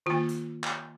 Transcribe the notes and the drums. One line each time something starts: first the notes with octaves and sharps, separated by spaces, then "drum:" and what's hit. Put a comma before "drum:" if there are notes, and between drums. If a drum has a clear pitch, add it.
D#3 A#3 F4
drum: hi-hat
drum: clap